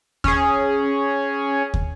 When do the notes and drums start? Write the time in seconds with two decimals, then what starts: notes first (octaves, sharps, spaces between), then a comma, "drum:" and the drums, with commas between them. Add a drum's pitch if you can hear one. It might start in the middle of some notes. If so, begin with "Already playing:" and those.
0.24 C#4 G#4, drum: kick
1.74 drum: kick